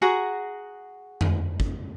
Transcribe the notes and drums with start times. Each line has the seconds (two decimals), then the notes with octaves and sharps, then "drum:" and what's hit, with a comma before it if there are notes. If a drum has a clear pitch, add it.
0.02 F#4 G#4 F#5 A#5
1.21 drum: tom F2
1.60 drum: kick